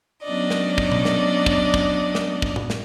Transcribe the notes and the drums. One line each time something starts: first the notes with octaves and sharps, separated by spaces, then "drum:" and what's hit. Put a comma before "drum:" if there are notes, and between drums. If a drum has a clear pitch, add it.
F#3 B3 C#4 D4 D5 D#5
drum: snare
drum: kick
drum: tom B2
drum: snare
drum: kick
drum: kick
drum: snare
drum: kick
drum: tom A2
drum: snare